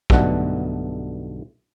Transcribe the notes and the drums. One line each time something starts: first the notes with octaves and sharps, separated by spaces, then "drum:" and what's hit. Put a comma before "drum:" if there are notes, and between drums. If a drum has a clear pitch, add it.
B1 G2 B2 D3 A3 F#5, drum: kick A#1